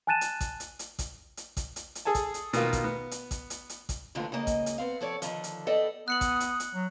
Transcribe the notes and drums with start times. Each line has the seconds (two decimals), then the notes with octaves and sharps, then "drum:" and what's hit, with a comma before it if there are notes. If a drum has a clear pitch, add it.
0.07 G#5 A5 F#6 A6 D#7 E7
0.21 drum: hi-hat
0.41 drum: kick A1, hi-hat
0.60 drum: hi-hat
0.79 drum: hi-hat
0.99 drum: kick A1, hi-hat
1.37 drum: hi-hat
1.57 drum: kick A1, hi-hat
1.76 drum: hi-hat
1.95 drum: hi-hat
2.05 G#4 A4 G#5 A5
2.15 drum: kick A1, hi-hat
2.34 drum: hi-hat
2.53 B2 D#3 A#3 F4, drum: hi-hat
2.73 drum: kick A1, hi-hat
2.84 B3
3.11 drum: hi-hat
3.31 drum: kick A1, hi-hat
3.50 drum: hi-hat
3.69 drum: hi-hat
3.89 drum: kick A1, hi-hat
4.15 D2 A#2 D3 F3 B3 F4
4.32 C#3 G#3 A#3 D#5
4.47 drum: kick A1, hi-hat
4.66 drum: hi-hat
4.78 B3 C4 F5
5.01 F3 A4 C#5 D5
5.22 D3 D#3 F3, drum: hi-hat
5.44 drum: hi-hat
5.67 E2 B3 A4 D5 D#5 G5
6.08 B3 D#6 F#6 C#7 F#7
6.21 drum: kick A1, hi-hat
6.40 drum: hi-hat
6.60 drum: hi-hat
6.75 F#3